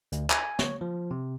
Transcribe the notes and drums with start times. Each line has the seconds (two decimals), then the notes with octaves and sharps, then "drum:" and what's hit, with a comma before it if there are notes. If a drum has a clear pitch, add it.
0.12 D2, drum: hi-hat
0.30 G#5, drum: clap
0.59 C#5, drum: snare
0.81 F3
1.11 C3